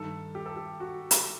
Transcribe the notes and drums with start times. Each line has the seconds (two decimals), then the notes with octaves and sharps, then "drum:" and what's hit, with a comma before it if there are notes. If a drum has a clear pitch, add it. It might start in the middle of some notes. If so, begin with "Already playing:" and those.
Already playing: G2 D#3 A4
0.35 G4
0.46 A4
0.56 G4
0.80 F#4
1.11 drum: hi-hat